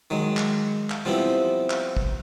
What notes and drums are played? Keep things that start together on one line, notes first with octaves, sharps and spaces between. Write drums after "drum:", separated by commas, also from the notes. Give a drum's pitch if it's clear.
D#3 F#3 G#3
drum: clap
drum: clap
F3 G3 B3 C4 E4
drum: clap
drum: kick